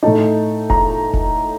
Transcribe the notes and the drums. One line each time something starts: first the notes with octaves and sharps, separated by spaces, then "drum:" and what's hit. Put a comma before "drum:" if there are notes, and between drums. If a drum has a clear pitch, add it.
A2 A3 D#4 A5
A#5, drum: kick F1
drum: kick F1